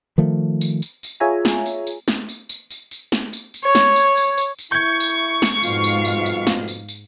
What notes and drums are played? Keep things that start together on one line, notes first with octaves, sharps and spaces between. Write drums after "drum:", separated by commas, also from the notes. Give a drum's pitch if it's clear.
D#3 F3 A3
drum: tambourine
drum: tambourine
drum: tambourine
F4 G#4 C#5 E5 G#5 A#5
drum: snare
drum: tambourine
drum: tambourine
drum: snare
drum: tambourine
drum: tambourine
drum: tambourine
drum: tambourine
drum: snare
drum: tambourine
drum: tambourine
C#5
drum: snare
drum: tambourine
drum: tambourine
drum: tambourine
drum: tambourine
E4 C#6 G6 G#6
drum: tambourine
drum: snare
F2 G#2 B2 F4 F5, drum: tambourine
drum: tambourine
drum: tambourine
drum: tambourine
drum: snare
drum: tambourine
drum: tambourine